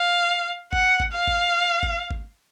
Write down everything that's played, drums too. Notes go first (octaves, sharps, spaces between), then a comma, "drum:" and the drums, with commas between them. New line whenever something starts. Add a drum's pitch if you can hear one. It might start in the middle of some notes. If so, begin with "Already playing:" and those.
Already playing: F5
F#5, drum: kick G#1
drum: kick G#1
F5
drum: kick G#1
drum: kick G#1
drum: kick G#1